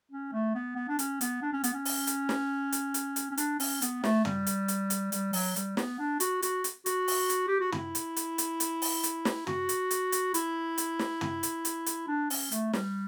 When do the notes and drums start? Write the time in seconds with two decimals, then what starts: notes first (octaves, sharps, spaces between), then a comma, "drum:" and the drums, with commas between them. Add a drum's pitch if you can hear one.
0.11 C#4
0.33 A3
0.55 B3
0.76 B3
0.89 D4
0.99 C#4, drum: hi-hat
1.21 B3, drum: hi-hat
1.42 D4
1.53 C#4
1.64 B3, drum: hi-hat
1.74 C#4
1.85 drum: open hi-hat
2.07 drum: hi-hat
2.29 drum: snare
2.72 drum: hi-hat
2.94 drum: hi-hat
3.16 drum: hi-hat
3.31 C#4
3.37 D4, drum: hi-hat
3.60 C#4, drum: open hi-hat
3.82 B3, drum: hi-hat
4.04 A3, drum: snare
4.25 G3, drum: tom
4.47 drum: hi-hat
4.68 drum: hi-hat
4.90 drum: hi-hat
5.12 G3, drum: hi-hat
5.33 F#3, drum: open hi-hat
5.56 G3, drum: hi-hat
5.77 B3, drum: snare
5.99 D4
6.20 F#4, drum: hi-hat
6.42 F#4, drum: hi-hat
6.64 drum: hi-hat
6.86 F#4, drum: hi-hat
7.08 drum: open hi-hat
7.29 drum: hi-hat
7.48 G4
7.61 F#4
7.72 E4, drum: tom
7.95 drum: hi-hat
8.16 drum: hi-hat
8.38 drum: hi-hat
8.60 drum: hi-hat
8.82 drum: open hi-hat
9.03 drum: hi-hat
9.25 drum: snare
9.47 F#4, drum: tom
9.69 drum: hi-hat
9.91 drum: hi-hat
10.12 drum: hi-hat
10.34 E4, drum: hi-hat
10.78 drum: hi-hat
10.99 drum: snare
11.21 drum: tom
11.43 drum: hi-hat
11.65 drum: hi-hat
11.86 drum: hi-hat
12.08 D4
12.30 C#4, drum: open hi-hat
12.52 A3, drum: hi-hat
12.73 G3, drum: snare